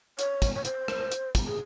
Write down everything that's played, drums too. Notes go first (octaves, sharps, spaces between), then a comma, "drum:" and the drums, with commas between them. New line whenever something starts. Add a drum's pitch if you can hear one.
C#5, drum: hi-hat
drum: kick, hi-hat
C#5
C5, drum: hi-hat
drum: rim click
drum: hi-hat
drum: kick, hi-hat
G#4